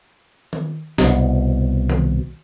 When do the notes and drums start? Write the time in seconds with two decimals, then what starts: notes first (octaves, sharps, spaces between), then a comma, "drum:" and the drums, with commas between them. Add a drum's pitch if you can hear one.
0.53 drum: tom D#3
0.98 C2 B2, drum: snare
1.90 drum: tom D#3